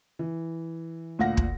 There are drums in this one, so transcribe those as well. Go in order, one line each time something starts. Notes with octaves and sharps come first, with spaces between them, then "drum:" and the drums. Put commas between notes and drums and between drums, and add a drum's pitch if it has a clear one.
E3
D2 A#2 F5 F#5 A#6
drum: kick